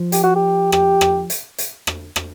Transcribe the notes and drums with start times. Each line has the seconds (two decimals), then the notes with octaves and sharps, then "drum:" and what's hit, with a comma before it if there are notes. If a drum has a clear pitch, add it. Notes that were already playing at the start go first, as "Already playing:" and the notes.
Already playing: F3
0.12 G4, drum: hi-hat
0.24 F#4
0.36 G4
0.72 G4, drum: rim click
1.01 drum: rim click
1.30 drum: hi-hat
1.58 drum: hi-hat
1.87 drum: rim click
2.16 drum: rim click